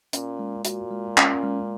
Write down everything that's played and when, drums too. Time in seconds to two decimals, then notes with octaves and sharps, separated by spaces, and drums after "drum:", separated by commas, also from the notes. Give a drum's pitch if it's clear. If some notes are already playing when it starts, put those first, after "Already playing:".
0.13 A#2 C#4, drum: hi-hat
0.39 G#3
0.65 A#2 F#4, drum: hi-hat
0.91 G#3
1.17 C#4, drum: clap
1.43 G#3